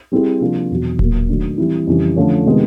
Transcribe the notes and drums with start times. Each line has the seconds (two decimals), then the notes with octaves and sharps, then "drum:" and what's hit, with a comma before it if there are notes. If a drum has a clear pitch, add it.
0.12 G3 C4 E4 G#4
0.41 C3 F3 A#3 D4 F4
0.71 E2 B2 F#3
0.99 A#2 F#3 A#3, drum: kick D#1
1.29 D#3 F#3 A3 D4
1.58 E3 G3 C4 E4
1.87 F2 C#3 E3 G3 C4
2.16 D3 F3 A3 C#4
2.46 C3 D#3 G#3 B3